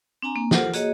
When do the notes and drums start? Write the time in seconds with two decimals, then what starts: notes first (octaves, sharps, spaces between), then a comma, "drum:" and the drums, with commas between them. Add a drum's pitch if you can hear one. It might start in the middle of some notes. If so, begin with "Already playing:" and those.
0.22 C4 D4 G#5 A#5
0.36 A#3
0.51 F4 G4 A4 A#4 C5 F#5, drum: snare
0.73 A#3 F#4 G#4 C#5 D#5, drum: hi-hat